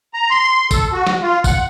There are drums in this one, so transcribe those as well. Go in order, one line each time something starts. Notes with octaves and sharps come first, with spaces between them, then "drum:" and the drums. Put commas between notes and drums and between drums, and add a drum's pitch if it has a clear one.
A#5
C6
A4, drum: kick, tambourine
F#4
drum: snare
F4
F#5, drum: kick, tambourine